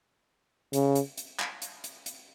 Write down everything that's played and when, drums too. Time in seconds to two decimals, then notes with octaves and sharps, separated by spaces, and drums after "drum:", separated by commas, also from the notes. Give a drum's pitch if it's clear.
0.73 C#3, drum: hi-hat
0.95 drum: hi-hat
1.17 drum: hi-hat
1.40 drum: clap
1.62 drum: hi-hat
1.84 drum: hi-hat
2.06 drum: hi-hat